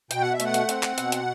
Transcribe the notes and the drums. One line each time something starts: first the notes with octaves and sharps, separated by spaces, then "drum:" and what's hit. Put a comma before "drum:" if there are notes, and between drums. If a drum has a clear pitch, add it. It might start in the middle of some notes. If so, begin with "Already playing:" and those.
B2 G5, drum: hi-hat
F#5
E5
A3 F#5, drum: hi-hat
drum: hi-hat
C4, drum: hi-hat
drum: clap
B2, drum: hi-hat
drum: hi-hat